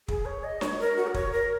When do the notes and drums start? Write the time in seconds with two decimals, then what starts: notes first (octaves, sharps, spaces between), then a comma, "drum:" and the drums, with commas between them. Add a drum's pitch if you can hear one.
0.08 G#4, drum: kick
0.25 C#5
0.44 D#5
0.61 C#5, drum: snare
0.80 A#4
0.97 F#4
1.07 A#4
1.14 C#5, drum: kick
1.32 A#4